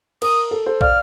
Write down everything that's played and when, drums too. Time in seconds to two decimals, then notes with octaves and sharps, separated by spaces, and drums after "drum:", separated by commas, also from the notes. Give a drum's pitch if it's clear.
0.22 A#4 D#6, drum: cymbal
0.51 A4
0.66 A4 C5
0.81 D5 F5 F6, drum: kick